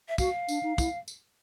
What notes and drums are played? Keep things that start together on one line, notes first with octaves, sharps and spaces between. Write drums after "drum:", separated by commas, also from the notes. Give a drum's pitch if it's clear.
E5
F#4 F5, drum: kick, tambourine
D4, drum: tambourine
D#4
E4, drum: kick, tambourine
drum: tambourine